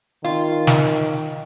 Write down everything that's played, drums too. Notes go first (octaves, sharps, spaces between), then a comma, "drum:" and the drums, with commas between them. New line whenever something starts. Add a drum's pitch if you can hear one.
D#3 F4
drum: snare